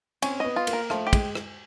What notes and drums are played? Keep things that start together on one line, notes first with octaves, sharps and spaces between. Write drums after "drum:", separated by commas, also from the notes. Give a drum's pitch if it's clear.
C4 C#4, drum: cymbal
B3 D#5
F4
A#3, drum: cymbal
A#4
F3 A3, drum: rim click
G4
G#3, drum: kick, cymbal
drum: rim click